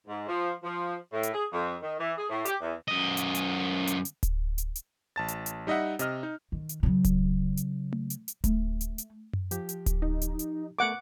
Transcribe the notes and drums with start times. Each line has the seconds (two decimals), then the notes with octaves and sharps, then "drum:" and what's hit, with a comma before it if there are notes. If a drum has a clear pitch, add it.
0.07 G#2
0.28 F3
0.63 F3
1.13 A2
1.23 drum: hi-hat
1.33 G#4
1.53 F2
1.82 D#3
1.99 E3
2.17 G#4
2.30 A2
2.45 G4, drum: hi-hat
2.61 E2
2.88 F#2 D#5
3.17 drum: hi-hat
3.35 drum: hi-hat
3.87 drum: hi-hat
4.05 drum: hi-hat
4.23 drum: kick D1, hi-hat
4.58 drum: hi-hat
4.75 drum: hi-hat
5.16 A1 A5 A6
5.28 drum: hi-hat
5.46 drum: hi-hat
5.67 G3 D#4 D#5 E5 F#5
5.99 C3 D#5 F6, drum: hi-hat
6.23 D#4
6.52 D#3
6.69 drum: hi-hat
6.83 C#3 F#3
7.04 drum: kick D1, hi-hat
7.57 drum: hi-hat
7.93 drum: tom A3
8.10 drum: hi-hat
8.28 drum: hi-hat
8.44 A3, drum: kick D1, hi-hat
8.81 drum: hi-hat
8.98 drum: hi-hat
9.33 drum: tom F#2
9.51 F3 G4, drum: hi-hat
9.69 drum: hi-hat
9.86 drum: kick D1, hi-hat
10.02 D#4
10.22 drum: hi-hat
10.39 drum: hi-hat
10.79 A3 B3 A#4 F#5 D6